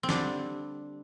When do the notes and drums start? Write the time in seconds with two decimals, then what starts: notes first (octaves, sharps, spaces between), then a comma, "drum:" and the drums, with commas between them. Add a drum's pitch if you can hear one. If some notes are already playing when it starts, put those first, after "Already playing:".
0.03 C4
0.09 D3 G3 D4, drum: snare